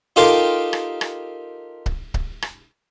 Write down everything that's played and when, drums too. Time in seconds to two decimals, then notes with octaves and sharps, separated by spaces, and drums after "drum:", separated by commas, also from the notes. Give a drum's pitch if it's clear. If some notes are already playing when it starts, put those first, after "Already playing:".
0.16 D#4 F4 G4 A4 A#4 C6
0.73 drum: rim click
1.01 drum: rim click
1.86 drum: kick C#1
2.14 drum: kick C#1
2.42 drum: rim click